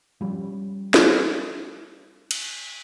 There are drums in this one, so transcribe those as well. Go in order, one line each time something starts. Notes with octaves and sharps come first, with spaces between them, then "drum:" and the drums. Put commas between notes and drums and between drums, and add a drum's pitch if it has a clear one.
F3 G3 C#4
drum: snare
drum: cymbal